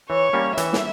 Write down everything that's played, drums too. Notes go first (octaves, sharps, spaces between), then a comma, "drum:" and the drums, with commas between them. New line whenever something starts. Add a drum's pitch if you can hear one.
E3 C#5
G3 A#3 C#4
E3 E5, drum: hi-hat
drum: snare